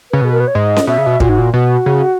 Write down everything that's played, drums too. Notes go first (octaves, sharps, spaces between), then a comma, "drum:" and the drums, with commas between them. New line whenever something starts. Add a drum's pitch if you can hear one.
C#3 B4
B2 G#4
A#4
B4
C#5
G#2 D#5
drum: snare C#4
B2 E5
C#3
B2
A#2 F#4, drum: kick
G#2
A#2
B2 F#4
C#3